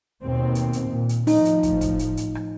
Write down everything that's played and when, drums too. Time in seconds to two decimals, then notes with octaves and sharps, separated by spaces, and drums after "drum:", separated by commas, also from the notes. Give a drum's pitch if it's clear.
0.24 D#2 B2 C4
0.55 drum: hi-hat
0.73 drum: hi-hat
0.86 A#2
1.09 drum: hi-hat
1.27 A2 F3 D#4, drum: open hi-hat
1.45 drum: hi-hat
1.63 drum: kick, hi-hat
1.81 drum: kick, hi-hat
1.99 drum: hi-hat
2.17 drum: hi-hat
2.35 drum: rim click